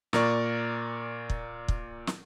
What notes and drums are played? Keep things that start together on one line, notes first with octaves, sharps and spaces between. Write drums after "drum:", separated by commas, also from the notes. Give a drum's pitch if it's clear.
A#2 A#4 D5 C#6, drum: snare
drum: kick
drum: kick
drum: snare